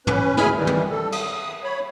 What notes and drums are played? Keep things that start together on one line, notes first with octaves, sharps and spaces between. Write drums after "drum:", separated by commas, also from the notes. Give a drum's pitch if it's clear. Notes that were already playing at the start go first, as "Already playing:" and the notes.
C#4 B4, drum: tom
D2 E4 G#4 G#5 B5 F6, drum: snare
D#3 E3 G3
drum: tom
A4
D#6, drum: cymbal
C#5 B5